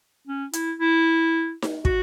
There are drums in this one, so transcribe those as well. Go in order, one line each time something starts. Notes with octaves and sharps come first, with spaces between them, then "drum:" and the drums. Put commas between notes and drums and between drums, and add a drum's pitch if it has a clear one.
C#4
E4, drum: hi-hat
E4
drum: snare D#4
F#4, drum: kick